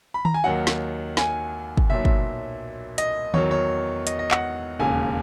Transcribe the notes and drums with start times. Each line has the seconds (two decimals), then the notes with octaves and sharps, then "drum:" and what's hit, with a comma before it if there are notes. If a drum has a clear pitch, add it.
0.14 B5
0.25 A#5, drum: tom D#3
0.34 G#5
0.44 D#2 D#3 F#3 F#5
0.67 drum: snare
1.17 G#5, drum: snare
1.77 drum: kick
1.89 B1 A#2 F#3 E5
2.05 drum: kick
2.98 D#5, drum: hi-hat
3.34 E2 D#3 F#3 C#5, drum: tom D#3
3.51 C#5
4.07 D#5, drum: hi-hat
4.19 D#5
4.31 F#5, drum: clap
4.80 E1 D#2 C#3 G#5